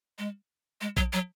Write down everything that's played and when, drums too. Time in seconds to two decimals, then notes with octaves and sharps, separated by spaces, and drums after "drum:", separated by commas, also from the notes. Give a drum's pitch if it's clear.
0.18 G#3
0.81 G#3
0.97 F#3, drum: kick
1.13 F#3